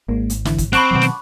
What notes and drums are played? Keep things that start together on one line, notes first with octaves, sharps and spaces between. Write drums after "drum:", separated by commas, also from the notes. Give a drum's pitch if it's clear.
G#1 G#3 A#3
drum: hi-hat
D3 E3 E4, drum: snare
drum: kick, hi-hat
C4 F#5 A5 B5 C#6 D6 F#6, drum: snare
B2 D#3 F#3
drum: snare